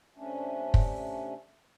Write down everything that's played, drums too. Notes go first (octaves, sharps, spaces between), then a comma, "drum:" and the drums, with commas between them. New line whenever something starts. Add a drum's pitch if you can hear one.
C3 A3 C#4 D4
drum: kick